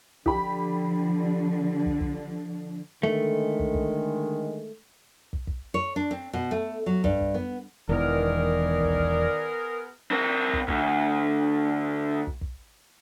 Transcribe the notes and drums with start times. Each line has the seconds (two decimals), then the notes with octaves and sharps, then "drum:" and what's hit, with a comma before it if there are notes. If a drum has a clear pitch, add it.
0.26 D3 F3 D4 G4 B5, drum: kick
1.86 drum: kick
2.00 drum: kick
3.03 D3 D#3 G#3 A3
3.59 drum: kick
3.74 drum: kick
5.33 drum: kick
5.47 drum: kick
5.74 C#5
5.96 D4
6.11 C4
6.33 B2
6.51 A3
6.86 F#3
7.04 G2, drum: kick
7.21 drum: kick
7.34 B3
7.89 E1 E2 D#3 B3 G#4 A#4 D5
8.80 drum: kick
8.94 drum: kick
10.11 C4 A#4
10.53 drum: kick
10.68 D2, drum: kick
12.27 drum: kick
12.41 drum: kick